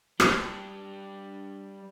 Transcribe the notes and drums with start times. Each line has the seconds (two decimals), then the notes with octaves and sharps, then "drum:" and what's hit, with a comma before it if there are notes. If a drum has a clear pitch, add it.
0.20 G3 D4, drum: rim click